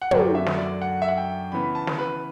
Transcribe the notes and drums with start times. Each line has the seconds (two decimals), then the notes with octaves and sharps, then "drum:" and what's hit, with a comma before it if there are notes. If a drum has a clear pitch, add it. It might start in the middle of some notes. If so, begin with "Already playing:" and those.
0.02 F#5
0.11 F#2 D3 F#3 A3 D4 G5, drum: tom
0.35 E5
0.46 drum: snare
0.58 D5
0.82 F#5
1.02 E5
1.08 F#5
1.17 G5
1.52 C#3 E3 B3 B5
1.75 A5
1.87 drum: snare
1.98 B4